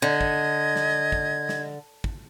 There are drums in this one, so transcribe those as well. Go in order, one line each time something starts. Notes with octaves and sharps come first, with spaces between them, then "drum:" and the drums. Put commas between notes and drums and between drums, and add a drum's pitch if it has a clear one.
D3 D#5 G#6
drum: kick
drum: snare
drum: kick
drum: snare
drum: kick